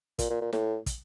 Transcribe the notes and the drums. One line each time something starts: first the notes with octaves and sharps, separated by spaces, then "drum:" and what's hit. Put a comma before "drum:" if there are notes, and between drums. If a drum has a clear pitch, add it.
A#2, drum: kick, hi-hat
A#2
A#2
A2, drum: snare
drum: kick, hi-hat